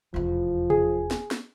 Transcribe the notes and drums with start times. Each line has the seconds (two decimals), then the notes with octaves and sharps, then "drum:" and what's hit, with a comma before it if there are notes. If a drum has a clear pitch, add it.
0.14 F1 E2 F3
0.70 G#4, drum: tom C3
1.11 drum: snare
1.31 drum: snare